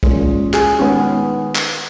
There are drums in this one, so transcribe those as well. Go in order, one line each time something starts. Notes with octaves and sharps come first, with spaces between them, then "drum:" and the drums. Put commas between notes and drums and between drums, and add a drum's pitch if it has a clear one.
A#2 G#3 C#4 F4, drum: kick
G#4, drum: clap
D#3 G#3 B3 C#4
drum: clap